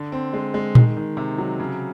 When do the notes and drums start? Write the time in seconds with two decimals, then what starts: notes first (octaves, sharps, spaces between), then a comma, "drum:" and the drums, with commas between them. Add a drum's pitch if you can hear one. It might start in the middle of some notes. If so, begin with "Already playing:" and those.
Already playing: D3
0.12 C4
0.33 G#3
0.54 G#3
0.75 D#3, drum: tom A#2
0.97 D#3
1.17 C3
1.38 F#3
1.60 C#3